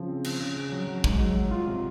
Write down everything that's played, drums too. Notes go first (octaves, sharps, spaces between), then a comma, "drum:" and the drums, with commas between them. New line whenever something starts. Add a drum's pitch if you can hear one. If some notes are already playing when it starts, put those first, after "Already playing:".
Already playing: C#3 F3
C4
C4, drum: cymbal
C#3
C#4
F#3
F#3
G#2, drum: kick
F#3
F#3
F4
C3